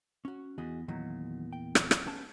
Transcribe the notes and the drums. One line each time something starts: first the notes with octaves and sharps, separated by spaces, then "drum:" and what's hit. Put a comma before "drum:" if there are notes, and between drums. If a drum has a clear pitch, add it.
C#4 F#4
E2 F#4 G#4 D#5
E2 A#2 D#3 F#3
G5
drum: rim click
drum: rim click
B3 C#4 A5